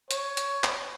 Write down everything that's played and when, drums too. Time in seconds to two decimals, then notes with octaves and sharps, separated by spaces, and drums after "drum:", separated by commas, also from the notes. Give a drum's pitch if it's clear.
0.11 C#5, drum: hi-hat
0.37 drum: hi-hat
0.64 drum: clap